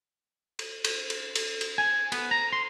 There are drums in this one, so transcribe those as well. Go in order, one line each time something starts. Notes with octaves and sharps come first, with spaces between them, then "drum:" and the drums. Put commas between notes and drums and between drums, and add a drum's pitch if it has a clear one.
drum: cymbal
drum: cymbal
drum: cymbal
drum: cymbal
drum: cymbal
G#5
B3, drum: cymbal
A#5
C6